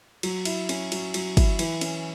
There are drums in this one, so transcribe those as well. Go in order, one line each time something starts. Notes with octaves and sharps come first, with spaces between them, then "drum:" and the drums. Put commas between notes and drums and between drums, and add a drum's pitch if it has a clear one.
F#3, drum: cymbal
E4, drum: cymbal
C#4, drum: cymbal
F#3, drum: cymbal
F#3, drum: cymbal
E4, drum: kick, cymbal
E3, drum: cymbal
C#4, drum: cymbal